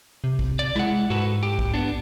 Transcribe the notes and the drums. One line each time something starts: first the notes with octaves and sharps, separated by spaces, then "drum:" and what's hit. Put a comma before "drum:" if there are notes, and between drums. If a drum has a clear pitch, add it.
C3
drum: kick
D5
G#3 E4 F#5
G#2 F#4 A4 B4
G4
drum: kick
B3 D4